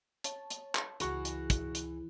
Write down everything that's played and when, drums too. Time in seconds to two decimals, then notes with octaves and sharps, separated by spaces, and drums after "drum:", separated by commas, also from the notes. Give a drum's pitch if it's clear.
0.24 C#5 A5, drum: hi-hat
0.50 drum: hi-hat
0.75 drum: clap
1.00 C#2 E3 F#4 G#4 C#6, drum: hi-hat
1.25 drum: hi-hat
1.50 drum: kick, hi-hat
1.75 drum: hi-hat